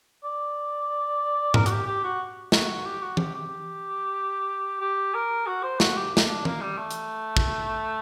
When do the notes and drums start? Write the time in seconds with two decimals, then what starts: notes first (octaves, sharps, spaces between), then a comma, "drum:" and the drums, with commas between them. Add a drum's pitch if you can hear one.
0.24 D5
1.54 A#4, drum: tom G#2
1.66 F#4, drum: hi-hat
1.71 G4
1.86 G4
2.04 F#4
2.52 F#4, drum: snare
2.85 G4
3.02 F#4
3.17 G4, drum: tom E3
3.35 G4
4.81 G4
5.14 A#4
5.46 F#4
5.63 C5
5.80 F#4, drum: snare
5.96 G4
6.17 drum: snare
6.28 D4
6.45 A#3, drum: tom E3
6.61 G3
6.77 A3
6.91 drum: hi-hat
7.37 drum: kick